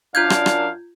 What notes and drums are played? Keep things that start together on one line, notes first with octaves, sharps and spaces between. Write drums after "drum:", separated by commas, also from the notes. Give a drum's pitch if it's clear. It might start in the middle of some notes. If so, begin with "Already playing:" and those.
F#2 D4 F4 F5 G6 G#6
drum: rim click
drum: rim click